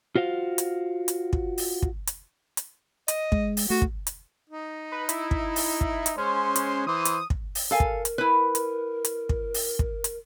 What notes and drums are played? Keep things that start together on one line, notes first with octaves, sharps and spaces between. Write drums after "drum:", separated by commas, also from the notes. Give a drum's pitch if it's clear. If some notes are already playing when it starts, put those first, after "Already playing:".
F4 F#4 C5 F5
drum: hi-hat
drum: hi-hat
drum: kick
drum: open hi-hat
drum: kick
drum: hi-hat
drum: hi-hat
D#5, drum: hi-hat
G#3, drum: kick
drum: open hi-hat
A3 F#4
drum: kick
drum: hi-hat
D#4
B4
E4, drum: hi-hat
drum: kick
drum: open hi-hat
drum: kick
drum: hi-hat
G#3 C#4 C5
drum: hi-hat
E3 C5 D#6
drum: hi-hat
drum: kick
drum: open hi-hat
A4 A#4 F5 G#5
drum: kick
drum: hi-hat
E4 B4
drum: hi-hat
drum: hi-hat
drum: kick
drum: open hi-hat
drum: kick
drum: hi-hat